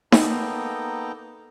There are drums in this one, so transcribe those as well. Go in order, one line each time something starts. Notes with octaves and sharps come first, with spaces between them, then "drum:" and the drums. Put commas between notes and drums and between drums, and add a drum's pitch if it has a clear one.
A#3 B3 D#4 A4 G5 A#5, drum: snare D#4